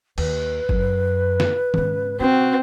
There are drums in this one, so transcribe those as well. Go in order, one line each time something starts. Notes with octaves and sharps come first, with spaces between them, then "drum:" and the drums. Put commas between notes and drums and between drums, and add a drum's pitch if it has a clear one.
D#2 B4, drum: cymbal
F#2, drum: kick G1
drum: snare
G#2 C#3, drum: tom D#3
C3 C4 F#4